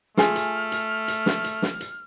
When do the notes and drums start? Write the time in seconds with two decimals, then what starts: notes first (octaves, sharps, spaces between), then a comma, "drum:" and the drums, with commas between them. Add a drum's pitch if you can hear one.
0.17 A3 F4 G#4 G#5 F6, drum: snare
0.36 drum: hi-hat
0.72 drum: hi-hat
1.08 drum: hi-hat
1.26 drum: snare
1.44 drum: hi-hat
1.62 drum: snare
1.81 drum: hi-hat